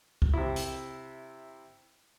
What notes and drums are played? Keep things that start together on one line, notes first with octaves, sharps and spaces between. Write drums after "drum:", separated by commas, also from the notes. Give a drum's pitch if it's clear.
drum: kick B1
C3 E4
drum: hi-hat